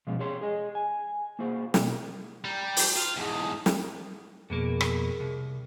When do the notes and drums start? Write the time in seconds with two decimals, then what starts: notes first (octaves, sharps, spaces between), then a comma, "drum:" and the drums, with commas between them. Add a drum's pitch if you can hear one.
0.07 B2 F3 G#3 C#4 F4
0.19 G4 G#4 C#5 C6
0.41 G#4 D#5
0.75 G#5
1.39 A#3 F4 F#4 G#4 C5
1.74 B2 A#3, drum: snare
2.45 G3 G5 A#5 G6
2.77 drum: open hi-hat
2.97 F4
3.17 E2 G#2 G#4 A5
3.66 drum: snare
4.50 F2 B2 A#3 G#4 A#4
4.81 drum: rim click
5.20 C2